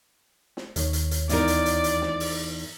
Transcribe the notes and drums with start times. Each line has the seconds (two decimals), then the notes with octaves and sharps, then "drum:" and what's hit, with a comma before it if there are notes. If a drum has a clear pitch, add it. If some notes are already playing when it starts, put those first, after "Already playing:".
0.57 drum: snare
0.76 D#2 D#3 C#5, drum: hi-hat
0.93 drum: hi-hat
1.11 drum: hi-hat
1.29 E2 D#4 A#4 D5, drum: hi-hat
1.48 drum: hi-hat
1.66 drum: hi-hat
1.84 drum: hi-hat
2.02 drum: snare
2.20 drum: open hi-hat